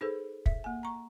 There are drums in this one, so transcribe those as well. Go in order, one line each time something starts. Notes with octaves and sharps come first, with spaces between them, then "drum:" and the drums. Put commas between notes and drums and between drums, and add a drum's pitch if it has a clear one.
D#4 G#4 A4 B4 C5
E5, drum: kick
A#3 G#5
A#5 C#6